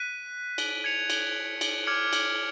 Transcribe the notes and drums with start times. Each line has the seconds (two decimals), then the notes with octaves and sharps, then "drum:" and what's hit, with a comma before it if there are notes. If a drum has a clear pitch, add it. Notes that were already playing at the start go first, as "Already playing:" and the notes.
Already playing: F#6 B6 D#7
0.58 drum: cymbal
0.84 G#6 C#7 F7
1.10 drum: cymbal
1.61 drum: cymbal
1.87 D6 F6 G#6 C#7
2.13 drum: cymbal